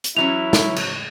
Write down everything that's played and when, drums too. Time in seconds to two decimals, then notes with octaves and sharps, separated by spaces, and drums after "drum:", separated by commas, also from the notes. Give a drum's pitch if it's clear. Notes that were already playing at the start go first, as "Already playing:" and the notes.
0.04 drum: hi-hat
0.17 E3 F#3 C#4 E4 F7
0.53 drum: snare
0.76 drum: cymbal